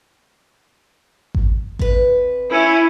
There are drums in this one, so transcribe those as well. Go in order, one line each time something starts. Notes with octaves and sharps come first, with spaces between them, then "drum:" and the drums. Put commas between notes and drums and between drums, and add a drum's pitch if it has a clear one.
drum: kick G#1
C3 B4, drum: kick G#1
C#4 E4